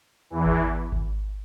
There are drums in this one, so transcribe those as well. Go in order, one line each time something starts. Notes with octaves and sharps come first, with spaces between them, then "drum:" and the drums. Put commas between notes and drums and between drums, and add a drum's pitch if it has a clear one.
E2 E3
drum: kick G#1
drum: kick G#1